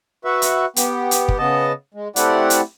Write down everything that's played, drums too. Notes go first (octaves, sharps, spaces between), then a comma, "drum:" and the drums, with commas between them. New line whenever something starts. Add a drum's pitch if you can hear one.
F#4 B4 E5
drum: hi-hat
B3 G4, drum: hi-hat
drum: hi-hat
drum: kick
C#3 B3 D#5 A5
G#3
A3 C4 E4 G4 D5 F#5, drum: hi-hat
drum: hi-hat